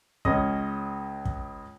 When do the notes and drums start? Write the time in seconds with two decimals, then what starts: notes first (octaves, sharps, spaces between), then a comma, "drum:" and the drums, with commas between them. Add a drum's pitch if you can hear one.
0.25 C#2 C#4 D#5, drum: kick
1.25 drum: kick